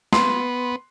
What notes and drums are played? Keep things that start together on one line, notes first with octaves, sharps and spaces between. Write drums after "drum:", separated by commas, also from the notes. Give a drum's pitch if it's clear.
B3 C6, drum: snare